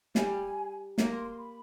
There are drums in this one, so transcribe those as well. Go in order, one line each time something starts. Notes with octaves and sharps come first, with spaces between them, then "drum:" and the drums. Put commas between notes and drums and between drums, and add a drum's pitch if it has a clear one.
G3 G#5, drum: snare
A#3 A#5, drum: snare
C6
C6
B5